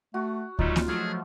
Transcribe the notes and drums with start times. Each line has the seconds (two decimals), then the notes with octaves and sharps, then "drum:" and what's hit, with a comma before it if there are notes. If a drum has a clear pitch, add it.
0.14 A3 F#4
0.59 F#3 G3 A3 D#4 F4, drum: kick D2
0.76 drum: snare A#3
0.88 F3 F#3 A3 G#4 F6 G#6